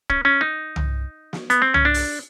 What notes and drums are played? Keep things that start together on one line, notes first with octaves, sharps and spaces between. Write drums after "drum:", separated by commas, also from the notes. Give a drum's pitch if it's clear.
C#4, drum: kick
C#4
D#4
drum: tom C2
drum: snare
B3, drum: hi-hat
C4
C#4, drum: tom C2
D4
drum: open hi-hat